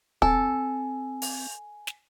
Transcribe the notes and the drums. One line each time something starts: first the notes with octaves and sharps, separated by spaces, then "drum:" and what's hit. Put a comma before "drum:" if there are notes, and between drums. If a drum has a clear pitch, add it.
C4 A4 G#5, drum: kick
drum: open hi-hat
drum: snare